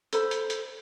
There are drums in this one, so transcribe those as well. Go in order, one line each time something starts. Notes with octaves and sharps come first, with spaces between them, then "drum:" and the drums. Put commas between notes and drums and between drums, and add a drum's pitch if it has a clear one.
A4 C5 B5, drum: hi-hat
drum: hi-hat
drum: hi-hat